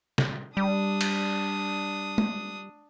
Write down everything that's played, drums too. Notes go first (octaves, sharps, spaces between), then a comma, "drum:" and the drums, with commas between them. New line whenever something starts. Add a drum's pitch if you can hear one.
drum: snare
G3 D4 D#6
drum: cymbal
drum: tom